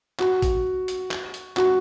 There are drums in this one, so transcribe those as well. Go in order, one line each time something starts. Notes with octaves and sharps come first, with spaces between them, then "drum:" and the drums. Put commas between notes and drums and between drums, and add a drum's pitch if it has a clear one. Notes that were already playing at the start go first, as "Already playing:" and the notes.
F#4, drum: clap
drum: kick, hi-hat
drum: hi-hat
drum: clap
drum: hi-hat
F#4, drum: clap